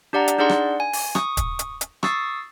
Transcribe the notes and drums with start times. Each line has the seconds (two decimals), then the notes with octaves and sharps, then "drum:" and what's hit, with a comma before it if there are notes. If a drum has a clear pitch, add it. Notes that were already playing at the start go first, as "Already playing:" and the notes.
0.13 D4 G4 D5 F#5 A#5
0.28 drum: hi-hat
0.38 D4 D#4 G#4 D5 F#5 C6
0.50 drum: rim click
0.80 G#5
0.93 drum: open hi-hat
1.15 C#6 D#6, drum: rim click
1.37 drum: kick, hi-hat
1.59 drum: hi-hat
1.81 drum: hi-hat
2.03 C#6 D#6 E6 A6 C7, drum: rim click